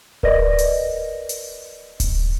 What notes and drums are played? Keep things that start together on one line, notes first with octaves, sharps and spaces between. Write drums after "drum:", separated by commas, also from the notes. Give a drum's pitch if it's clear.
A#4 B4 D5 D#5 A#6, drum: kick D1
drum: hi-hat
drum: hi-hat
drum: kick D1, hi-hat